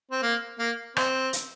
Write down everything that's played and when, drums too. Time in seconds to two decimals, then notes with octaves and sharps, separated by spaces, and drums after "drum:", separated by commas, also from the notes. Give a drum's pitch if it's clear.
0.11 C4
0.23 A#3
0.59 A#3
0.97 C4, drum: rim click
1.33 drum: hi-hat